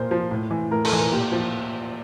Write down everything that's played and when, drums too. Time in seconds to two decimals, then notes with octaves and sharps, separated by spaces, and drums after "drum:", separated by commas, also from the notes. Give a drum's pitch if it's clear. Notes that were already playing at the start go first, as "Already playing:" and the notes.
Already playing: A#2 F3 A#4 C5
0.11 F3
0.31 A2
0.51 E3
0.71 A2 A#4
0.85 A4, drum: cymbal
0.92 E3
0.98 A#4
1.12 A#2 G4
1.32 F3